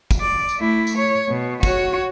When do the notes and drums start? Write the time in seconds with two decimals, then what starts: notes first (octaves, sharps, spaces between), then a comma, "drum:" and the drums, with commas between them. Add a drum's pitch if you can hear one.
0.11 drum: kick, tambourine
0.21 D5
0.49 drum: tambourine
0.59 A3 E4
0.87 drum: tambourine
0.97 C#5
1.29 B2
1.63 F#4 C#5, drum: kick, tambourine